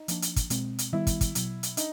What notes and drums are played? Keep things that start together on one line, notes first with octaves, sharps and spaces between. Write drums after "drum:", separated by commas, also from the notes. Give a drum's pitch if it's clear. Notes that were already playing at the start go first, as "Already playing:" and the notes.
Already playing: D#4
F3 A#3 D4, drum: hi-hat
drum: hi-hat
drum: kick, hi-hat
B2 G#3 C4, drum: hi-hat
drum: hi-hat
D#3 G3 B3 E4
drum: kick, hi-hat
drum: kick, hi-hat
B2 F#3 B3, drum: hi-hat
drum: hi-hat
D4 D#4, drum: hi-hat